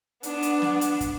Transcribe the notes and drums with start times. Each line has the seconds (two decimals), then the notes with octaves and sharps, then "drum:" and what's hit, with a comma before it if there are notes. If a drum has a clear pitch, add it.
0.23 B3 D4, drum: hi-hat
0.42 drum: hi-hat
0.62 drum: snare
0.81 drum: hi-hat
1.01 drum: kick, hi-hat